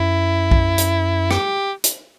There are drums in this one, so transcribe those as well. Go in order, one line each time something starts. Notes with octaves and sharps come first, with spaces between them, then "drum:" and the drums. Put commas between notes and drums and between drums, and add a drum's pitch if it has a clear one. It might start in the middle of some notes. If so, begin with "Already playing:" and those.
Already playing: F#2 E4
drum: kick B1
drum: hi-hat
G4, drum: rim click
drum: hi-hat